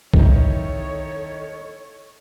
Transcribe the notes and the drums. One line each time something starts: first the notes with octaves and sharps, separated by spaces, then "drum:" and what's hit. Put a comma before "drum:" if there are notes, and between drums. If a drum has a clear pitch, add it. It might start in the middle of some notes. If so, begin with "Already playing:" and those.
D#3 D#4 E4 A4 C#5, drum: kick B1